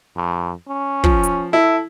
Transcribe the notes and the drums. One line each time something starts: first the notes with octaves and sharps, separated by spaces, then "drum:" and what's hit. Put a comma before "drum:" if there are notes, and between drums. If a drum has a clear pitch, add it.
F2
C#4
F3, drum: kick
drum: hi-hat
E4 A4